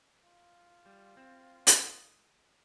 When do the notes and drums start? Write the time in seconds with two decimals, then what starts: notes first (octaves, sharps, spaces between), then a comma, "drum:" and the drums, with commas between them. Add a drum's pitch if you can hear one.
0.23 F4
0.86 G3
1.17 C4
1.67 D#5, drum: hi-hat